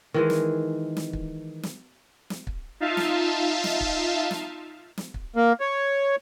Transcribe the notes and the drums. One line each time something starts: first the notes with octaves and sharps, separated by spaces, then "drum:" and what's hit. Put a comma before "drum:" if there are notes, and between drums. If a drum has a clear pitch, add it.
D#3 E3 G#3
drum: snare
drum: snare
drum: kick
drum: snare
drum: snare
drum: kick
D#4 F4 E5 F5 A5
drum: snare
drum: snare
drum: kick
drum: snare
drum: snare
drum: kick
A#3
C#5